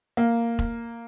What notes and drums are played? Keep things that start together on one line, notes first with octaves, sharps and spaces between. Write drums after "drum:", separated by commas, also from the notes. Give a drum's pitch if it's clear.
A#3
drum: kick E1